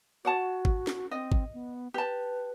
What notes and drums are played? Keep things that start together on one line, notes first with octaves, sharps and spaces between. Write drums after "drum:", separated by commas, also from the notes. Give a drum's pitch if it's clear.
F#4 C#5 F#5 A5
drum: kick
drum: snare
C4 D#5
drum: kick
B3
G4 B4 A5